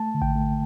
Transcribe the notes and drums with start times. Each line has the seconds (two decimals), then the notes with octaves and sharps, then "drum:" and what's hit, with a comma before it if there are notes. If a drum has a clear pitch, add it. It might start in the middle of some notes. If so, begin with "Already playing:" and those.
Already playing: A3 A5
0.15 D3
0.22 G5, drum: kick A1
0.36 A3